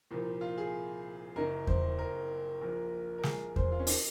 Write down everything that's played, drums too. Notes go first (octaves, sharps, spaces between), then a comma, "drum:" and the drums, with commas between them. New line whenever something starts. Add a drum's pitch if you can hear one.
C2 A#2 F3
F4
G#4
F#1 F#2 D#3 A#4
C5, drum: kick E2
A#4
A#1 A#2 F3
A#4
G#4, drum: snare
C5, drum: kick E2
F4
C#4
D#3 D#4, drum: open hi-hat